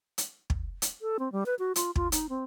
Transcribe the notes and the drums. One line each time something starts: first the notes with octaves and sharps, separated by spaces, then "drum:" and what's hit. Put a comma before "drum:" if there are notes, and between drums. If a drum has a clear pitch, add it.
drum: hi-hat
drum: kick
drum: hi-hat
A4
C4
G3
B4
F#4
F4, drum: hi-hat
F4, drum: kick
D#4, drum: hi-hat
C4